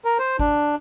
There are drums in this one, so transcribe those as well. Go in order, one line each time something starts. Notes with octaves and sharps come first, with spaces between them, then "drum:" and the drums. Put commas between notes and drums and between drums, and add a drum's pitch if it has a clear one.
A#4
C5
D4, drum: kick G#1